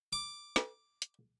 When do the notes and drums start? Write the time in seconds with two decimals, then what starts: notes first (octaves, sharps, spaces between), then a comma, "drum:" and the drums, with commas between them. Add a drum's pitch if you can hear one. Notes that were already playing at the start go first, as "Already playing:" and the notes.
0.13 D6
0.56 drum: snare
1.02 drum: hi-hat